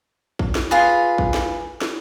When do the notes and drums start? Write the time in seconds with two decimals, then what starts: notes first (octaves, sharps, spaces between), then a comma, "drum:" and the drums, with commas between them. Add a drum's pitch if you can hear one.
0.39 drum: kick
0.55 drum: snare
0.71 F4 G#4 B4
1.18 drum: kick
1.34 drum: snare
1.81 drum: snare